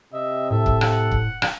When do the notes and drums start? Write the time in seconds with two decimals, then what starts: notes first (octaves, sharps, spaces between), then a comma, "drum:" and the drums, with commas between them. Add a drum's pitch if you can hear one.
0.13 C3 D#5 E5
0.51 A2 A4 E5
0.66 drum: kick
0.81 drum: rim click
0.91 F#5
1.11 drum: kick
1.42 drum: rim click